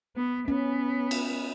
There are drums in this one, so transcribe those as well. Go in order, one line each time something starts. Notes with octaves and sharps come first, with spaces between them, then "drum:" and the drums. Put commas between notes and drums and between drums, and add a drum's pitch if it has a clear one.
B3
B3 C#4
drum: cymbal